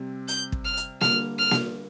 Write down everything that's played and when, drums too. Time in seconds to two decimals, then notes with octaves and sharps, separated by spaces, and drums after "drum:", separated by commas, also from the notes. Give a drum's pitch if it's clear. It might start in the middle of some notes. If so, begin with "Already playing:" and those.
Already playing: C3 G3 C4
0.28 G6, drum: hi-hat
0.52 drum: kick
0.65 F6
0.77 drum: hi-hat
1.01 D3 G3 A#3 F6, drum: snare A#3
1.39 F6
1.51 drum: snare A#3